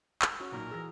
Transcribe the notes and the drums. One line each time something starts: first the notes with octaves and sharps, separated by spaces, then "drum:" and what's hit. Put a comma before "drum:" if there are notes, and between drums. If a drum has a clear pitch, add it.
drum: clap
C#4 F#4
B1 A#2 D#4 A#4
E3 G#4 E6 A#6